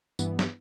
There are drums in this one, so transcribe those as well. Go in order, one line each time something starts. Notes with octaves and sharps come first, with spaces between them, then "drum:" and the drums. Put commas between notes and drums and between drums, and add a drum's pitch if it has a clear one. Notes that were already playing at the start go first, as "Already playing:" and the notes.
G2 E3 B3, drum: tambourine
drum: snare